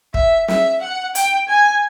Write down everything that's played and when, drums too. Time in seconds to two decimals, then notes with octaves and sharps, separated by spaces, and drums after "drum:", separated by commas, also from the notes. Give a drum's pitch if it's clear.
0.14 E5, drum: kick
0.48 E5, drum: snare
0.81 F#5
1.15 G5, drum: hi-hat
1.48 G#5